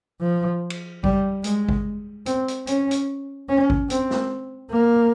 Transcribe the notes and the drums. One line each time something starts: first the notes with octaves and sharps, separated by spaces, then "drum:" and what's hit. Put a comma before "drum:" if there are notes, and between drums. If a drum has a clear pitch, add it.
F3
drum: cymbal
G3, drum: kick G#1
G#3, drum: hi-hat
drum: kick G#1
C4, drum: hi-hat
drum: hi-hat
C#4, drum: hi-hat
drum: hi-hat
C#4
drum: kick G#1
C4, drum: hi-hat
drum: snare
A#3